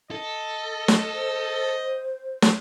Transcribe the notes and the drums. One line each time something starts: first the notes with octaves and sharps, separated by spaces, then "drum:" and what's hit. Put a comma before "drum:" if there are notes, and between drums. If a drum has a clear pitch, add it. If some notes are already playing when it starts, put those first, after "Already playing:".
A4 D#5
drum: snare
C5
drum: snare